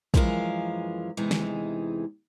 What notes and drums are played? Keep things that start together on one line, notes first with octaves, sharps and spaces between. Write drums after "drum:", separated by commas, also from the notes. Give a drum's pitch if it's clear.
F#2 E3 F3 G#3 A#4 F5, drum: kick
E2 C3 E3 G#3 D#4
drum: snare